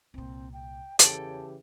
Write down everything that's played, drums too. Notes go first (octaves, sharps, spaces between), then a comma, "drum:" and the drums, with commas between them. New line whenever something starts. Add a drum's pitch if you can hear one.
C2 A#2 C4
G5
E2 C#3 E3 G4 A4 C#5 G5, drum: hi-hat